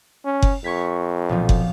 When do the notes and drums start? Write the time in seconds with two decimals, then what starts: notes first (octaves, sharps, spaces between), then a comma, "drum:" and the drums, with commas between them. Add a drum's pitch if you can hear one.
0.25 C#4
0.42 drum: kick F#1
0.64 F2 C#6 G#6 B6
1.29 B1 A#2 F3
1.49 drum: kick F#1